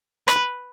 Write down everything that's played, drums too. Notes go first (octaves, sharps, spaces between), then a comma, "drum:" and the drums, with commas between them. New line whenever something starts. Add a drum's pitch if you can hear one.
B4, drum: rim click